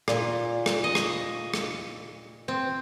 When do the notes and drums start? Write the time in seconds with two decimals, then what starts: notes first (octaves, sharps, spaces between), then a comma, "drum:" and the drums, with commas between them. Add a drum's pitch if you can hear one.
0.08 A#2, drum: rim click
0.66 drum: rim click
0.84 D#5
0.95 drum: rim click
1.54 drum: rim click
2.48 C4